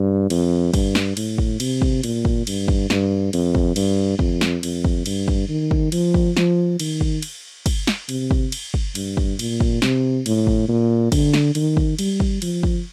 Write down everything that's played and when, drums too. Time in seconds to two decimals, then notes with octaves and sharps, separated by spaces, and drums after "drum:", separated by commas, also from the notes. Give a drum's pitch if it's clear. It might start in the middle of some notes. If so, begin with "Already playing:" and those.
Already playing: G2
0.30 F2, drum: cymbal
0.74 G2, drum: kick, cymbal
0.95 drum: snare
1.17 A2, drum: cymbal
1.38 drum: kick
1.60 C3, drum: cymbal
1.82 drum: kick
2.03 A#2, drum: cymbal
2.25 drum: kick
2.47 G2, drum: cymbal
2.68 drum: kick
2.90 G2, drum: snare
3.33 F2, drum: cymbal
3.55 drum: kick
3.76 G2, drum: cymbal
4.19 F2, drum: kick
4.41 drum: snare
4.63 F2, drum: cymbal
4.85 drum: kick
5.06 G2, drum: cymbal
5.28 drum: kick
5.49 D#3
5.71 drum: kick
5.92 F3, drum: cymbal
6.14 drum: kick
6.37 F3, drum: snare
6.80 D#3, drum: cymbal
7.01 drum: kick
7.22 drum: cymbal
7.66 drum: kick, cymbal
7.87 drum: snare
8.09 C3, drum: cymbal
8.31 drum: kick
8.52 drum: cymbal
8.74 drum: kick
8.95 G2, drum: cymbal
9.17 drum: kick
9.39 A#2, drum: cymbal
9.60 drum: kick
9.82 C3, drum: snare
10.26 A2, drum: cymbal
10.47 drum: kick
10.69 A#2
11.12 D3, drum: kick, cymbal
11.34 drum: snare
11.55 D#3, drum: cymbal
11.77 drum: kick
11.99 G3, drum: cymbal
12.20 drum: kick
12.42 F3, drum: cymbal
12.63 drum: kick